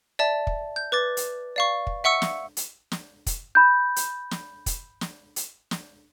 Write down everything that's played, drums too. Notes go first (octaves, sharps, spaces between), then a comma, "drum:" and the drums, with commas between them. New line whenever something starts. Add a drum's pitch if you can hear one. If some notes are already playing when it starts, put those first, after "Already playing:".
D5 E5 A5
drum: kick
G6
B4 D6 A6
drum: hi-hat
D5 F5 C#6
drum: kick
E5 F#5 C#6 E6 C#7
drum: snare
drum: hi-hat
drum: snare
drum: kick, hi-hat
B5 G6
drum: hi-hat
drum: snare
drum: kick, hi-hat
drum: snare
drum: hi-hat
drum: snare